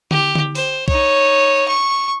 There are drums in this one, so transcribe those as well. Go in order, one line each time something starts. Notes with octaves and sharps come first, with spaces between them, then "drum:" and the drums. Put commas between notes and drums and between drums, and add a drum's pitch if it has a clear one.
G4, drum: tom D3
drum: tom D3
C5, drum: open hi-hat
D#4 C#5, drum: kick B1
C#6